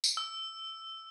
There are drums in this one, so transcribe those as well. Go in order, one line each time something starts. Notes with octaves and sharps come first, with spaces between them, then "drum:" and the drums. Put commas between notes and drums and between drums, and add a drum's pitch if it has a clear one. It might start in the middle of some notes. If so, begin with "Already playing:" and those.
drum: tambourine
E6